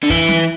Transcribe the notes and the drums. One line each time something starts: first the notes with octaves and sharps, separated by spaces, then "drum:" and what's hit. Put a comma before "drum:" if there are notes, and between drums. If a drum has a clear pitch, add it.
D3
E3, drum: kick
drum: snare